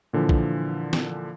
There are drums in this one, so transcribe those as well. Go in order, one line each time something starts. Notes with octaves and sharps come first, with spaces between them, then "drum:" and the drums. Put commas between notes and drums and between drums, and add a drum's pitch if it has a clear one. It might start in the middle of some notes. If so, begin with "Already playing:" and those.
A#2 D3 E3 F3
drum: kick B1
drum: snare